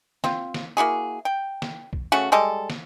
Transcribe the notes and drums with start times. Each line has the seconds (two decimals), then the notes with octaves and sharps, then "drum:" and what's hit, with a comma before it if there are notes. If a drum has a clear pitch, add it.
0.24 C4 F4, drum: snare
0.54 drum: snare
0.77 A#3 E4 F#4 G#4
1.25 G5
1.62 drum: snare
1.93 drum: kick
2.12 C#3 A3 C#4 F#4
2.32 G3 G#3 A4
2.70 drum: snare